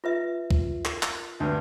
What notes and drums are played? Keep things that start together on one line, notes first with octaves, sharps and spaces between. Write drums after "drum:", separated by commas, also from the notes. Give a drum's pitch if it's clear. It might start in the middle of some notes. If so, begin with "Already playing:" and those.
F4 B4 E5
drum: kick C2
A#4, drum: clap
drum: clap
D2 G2